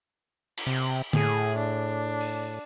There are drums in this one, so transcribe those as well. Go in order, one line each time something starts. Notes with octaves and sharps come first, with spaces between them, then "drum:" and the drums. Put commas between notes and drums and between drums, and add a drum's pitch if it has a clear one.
drum: cymbal
C3
A2 G#4, drum: tom D3
D4
drum: open hi-hat